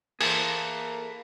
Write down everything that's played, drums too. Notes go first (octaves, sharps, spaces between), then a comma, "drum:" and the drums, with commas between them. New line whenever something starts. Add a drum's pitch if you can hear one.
E3 A3 A#3 G#4 A4 C5, drum: open hi-hat